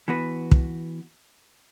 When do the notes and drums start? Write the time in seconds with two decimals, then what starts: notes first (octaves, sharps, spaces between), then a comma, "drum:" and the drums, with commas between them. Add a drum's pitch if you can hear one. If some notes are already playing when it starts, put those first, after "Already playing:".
0.08 E3 B3 F#4 B4
0.51 drum: kick